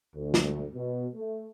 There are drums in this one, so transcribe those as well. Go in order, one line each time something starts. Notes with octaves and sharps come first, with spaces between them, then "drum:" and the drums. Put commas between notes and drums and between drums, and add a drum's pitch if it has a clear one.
D2
drum: snare
B2
A3